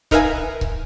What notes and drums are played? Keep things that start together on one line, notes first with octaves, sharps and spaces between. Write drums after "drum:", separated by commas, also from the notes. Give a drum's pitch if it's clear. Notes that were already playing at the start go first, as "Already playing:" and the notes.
D#4 A#4 B4 E5 F5 G#5, drum: kick C#1
drum: kick C#1